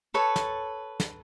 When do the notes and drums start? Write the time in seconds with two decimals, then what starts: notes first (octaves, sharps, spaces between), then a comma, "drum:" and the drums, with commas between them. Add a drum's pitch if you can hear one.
0.14 A4 B4 C#5 A5
0.36 drum: snare
1.00 drum: snare